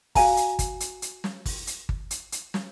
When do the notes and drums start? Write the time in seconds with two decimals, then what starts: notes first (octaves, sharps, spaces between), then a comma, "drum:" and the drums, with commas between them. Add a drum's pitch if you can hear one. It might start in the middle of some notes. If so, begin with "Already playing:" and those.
0.15 F#4 F5 G#5 A#5, drum: kick G1, open hi-hat
0.37 drum: hi-hat
0.59 drum: kick G1, hi-hat
0.80 drum: hi-hat
1.02 drum: hi-hat
1.24 drum: snare
1.45 drum: kick G1, open hi-hat
1.67 drum: hi-hat
1.89 drum: kick G1
2.11 drum: hi-hat
2.32 drum: hi-hat
2.54 drum: snare